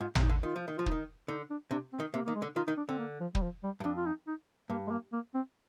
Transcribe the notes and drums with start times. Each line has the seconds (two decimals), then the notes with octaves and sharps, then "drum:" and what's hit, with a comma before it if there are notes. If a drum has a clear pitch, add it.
0.01 G#2 F4
0.15 C3, drum: tom
0.22 D#4
0.29 D3
0.43 D#3 F4
0.56 F3
0.68 D#3
0.77 F3 F4
0.86 D#4, drum: kick
0.92 D#3
1.28 D3 D#4
1.50 D4
1.71 C3 D4
1.93 C4
2.00 D#3
2.14 C3 A#3
2.25 D#3 A#3
2.35 G#3
2.42 D3
2.56 D#3 F4
2.67 D#3 D#4
2.77 D4
2.89 D3 C4
2.99 A#3
3.20 F3
3.35 G3, drum: kick
3.42 F3
3.64 G3
3.80 G2
3.84 F2 D4
3.97 F4
4.06 D#4
4.27 D#4
4.70 G2 A#3
4.87 G#3
4.91 A#3
5.13 A#3
5.34 C4